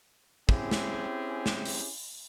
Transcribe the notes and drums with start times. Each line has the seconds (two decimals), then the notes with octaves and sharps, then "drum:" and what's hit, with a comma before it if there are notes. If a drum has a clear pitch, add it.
0.49 C4 C#4 E4 G4 G#4, drum: kick
0.71 drum: snare
1.46 drum: snare
1.65 drum: open hi-hat